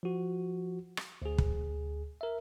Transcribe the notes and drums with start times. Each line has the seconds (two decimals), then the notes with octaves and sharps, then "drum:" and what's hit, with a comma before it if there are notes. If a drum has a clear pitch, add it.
0.03 F3 F#4
0.97 drum: rim click
1.22 D2 G#4
1.38 drum: kick
2.21 A#4 E5